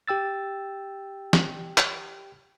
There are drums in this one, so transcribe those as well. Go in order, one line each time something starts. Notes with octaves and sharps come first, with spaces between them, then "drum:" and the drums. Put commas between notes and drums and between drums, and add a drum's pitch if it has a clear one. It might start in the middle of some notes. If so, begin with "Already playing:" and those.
G4 G5 E6 A6
drum: snare
drum: clap